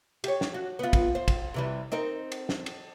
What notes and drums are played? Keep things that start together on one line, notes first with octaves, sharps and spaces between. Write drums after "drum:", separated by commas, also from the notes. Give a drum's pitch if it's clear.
G4 C#5, drum: cymbal
drum: snare
F#4
B3 F4
drum: kick, cymbal
C5
drum: kick, cymbal
C3 E3 G3
C4 D#4 A#4
drum: cymbal
drum: snare
drum: cymbal